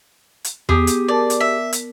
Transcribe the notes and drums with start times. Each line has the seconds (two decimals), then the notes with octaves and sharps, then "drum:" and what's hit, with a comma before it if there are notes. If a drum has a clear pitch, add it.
0.44 drum: hi-hat
0.69 B3 G4 G#4, drum: tom E2
0.87 drum: hi-hat
1.09 A#4 D5 A5
1.30 drum: hi-hat
1.41 E5
1.73 drum: hi-hat